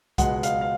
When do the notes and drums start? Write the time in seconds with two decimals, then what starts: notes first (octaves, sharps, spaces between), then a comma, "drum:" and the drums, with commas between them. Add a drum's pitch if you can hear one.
0.18 C#2 B2 G#3 F#5, drum: kick C2, hi-hat
0.43 F5, drum: hi-hat
0.61 F5